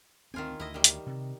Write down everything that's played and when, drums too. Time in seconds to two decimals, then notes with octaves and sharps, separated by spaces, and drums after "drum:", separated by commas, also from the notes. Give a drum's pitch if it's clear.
0.34 D2 D#3 C4 F4 G#5
0.60 D2 E4 D#5
0.74 D#3 G3
0.84 drum: hi-hat
1.06 C3